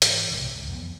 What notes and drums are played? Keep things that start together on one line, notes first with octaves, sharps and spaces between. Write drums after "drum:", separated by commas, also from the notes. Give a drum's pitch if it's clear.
G#2 E3, drum: hi-hat
B1 G#2 C3
C#2 C#3
F2 E3 B3